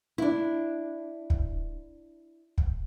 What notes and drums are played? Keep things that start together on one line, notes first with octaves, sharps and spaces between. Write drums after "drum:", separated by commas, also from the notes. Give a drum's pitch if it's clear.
D4 E4
drum: kick
drum: kick